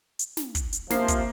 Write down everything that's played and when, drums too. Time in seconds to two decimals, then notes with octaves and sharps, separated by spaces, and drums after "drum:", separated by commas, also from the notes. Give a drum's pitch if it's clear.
0.19 drum: hi-hat
0.37 drum: snare
0.55 drum: kick, hi-hat
0.73 drum: hi-hat
0.90 C3 F3 A#3 C7, drum: snare
1.08 drum: kick, hi-hat